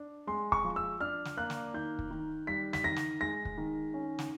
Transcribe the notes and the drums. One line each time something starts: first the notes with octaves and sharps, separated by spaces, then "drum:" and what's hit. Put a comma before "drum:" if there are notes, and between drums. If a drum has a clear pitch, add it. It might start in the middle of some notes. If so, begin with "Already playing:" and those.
Already playing: D4
G#3 C6
C#6, drum: kick
F3
E6
D4 F6
drum: snare
A#3 F#6
drum: snare
D#3 G6
drum: kick
D#3
G3 B6
B6, drum: snare
D#3 A#6
drum: snare
G#3 A#6
drum: kick
D#3
C#4
drum: snare